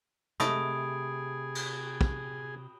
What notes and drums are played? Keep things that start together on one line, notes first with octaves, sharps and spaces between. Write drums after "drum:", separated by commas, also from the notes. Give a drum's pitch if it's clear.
C3 A3 G#4 D#5 B5 D#6 D7, drum: snare
drum: cymbal
drum: kick